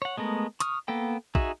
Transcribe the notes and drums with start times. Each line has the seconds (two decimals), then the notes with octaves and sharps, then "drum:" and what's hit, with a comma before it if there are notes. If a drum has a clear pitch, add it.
0.02 C#5 F#5
0.17 G#3 A3 B3 A#4
0.60 C#6 D#6 F6, drum: hi-hat
0.88 A#3 B3 A4 G5
1.35 D#4 F#4 G#4 E5, drum: kick